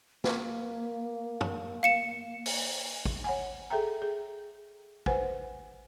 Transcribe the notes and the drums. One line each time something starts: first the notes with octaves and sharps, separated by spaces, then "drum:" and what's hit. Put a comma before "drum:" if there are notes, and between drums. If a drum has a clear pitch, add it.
A#3, drum: snare
drum: tom
F5 C#7 E7
drum: open hi-hat
drum: kick
C#5 F#5 G#5
G#4 A4 E5 G5 A#5
G#4
B4 C5 F#5 G#5, drum: kick